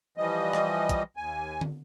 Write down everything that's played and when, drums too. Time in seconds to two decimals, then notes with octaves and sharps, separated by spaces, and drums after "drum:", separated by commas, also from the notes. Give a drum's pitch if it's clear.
0.17 E3 F3 G3 D#5
0.53 drum: rim click
0.89 drum: kick, hi-hat
1.17 D#2 G#5
1.61 drum: tom